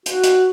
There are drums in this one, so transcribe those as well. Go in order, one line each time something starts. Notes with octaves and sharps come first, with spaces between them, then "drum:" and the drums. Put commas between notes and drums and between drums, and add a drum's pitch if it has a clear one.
F#4, drum: hi-hat
drum: hi-hat